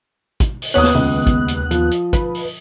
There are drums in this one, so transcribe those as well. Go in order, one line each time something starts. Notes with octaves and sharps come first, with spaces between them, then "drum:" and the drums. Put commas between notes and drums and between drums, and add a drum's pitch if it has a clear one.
drum: kick, hi-hat
drum: open hi-hat
D#2 B3 C#5 D#6 F#6
drum: snare
C#2
drum: kick, hi-hat
drum: hi-hat
F3, drum: hi-hat
drum: hi-hat
B4, drum: kick, hi-hat
drum: open hi-hat